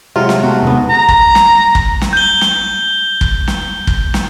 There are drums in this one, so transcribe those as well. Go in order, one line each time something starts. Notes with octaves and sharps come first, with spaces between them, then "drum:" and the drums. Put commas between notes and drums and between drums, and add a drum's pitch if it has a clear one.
C3 F#3 G#3 F4
drum: snare
A3 B3 F#4
D#1 G#2 C3 B3 D4
A#5
drum: kick
drum: snare
drum: kick
drum: snare
G6 G7
drum: snare
drum: kick
drum: snare
drum: kick
drum: snare